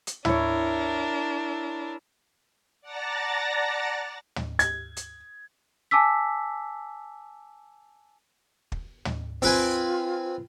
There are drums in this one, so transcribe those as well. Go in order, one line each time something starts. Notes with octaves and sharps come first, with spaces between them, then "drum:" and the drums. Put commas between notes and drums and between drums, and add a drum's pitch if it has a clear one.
drum: hi-hat
D4 E4 A#4 C#5, drum: tom
D5 F#5 A5 A#5 A6 A#6
drum: tom
G#6, drum: hi-hat
drum: hi-hat
G#5 A5 D6 E6 B6
drum: kick
drum: tom
C4 F4 B4 G#5, drum: open hi-hat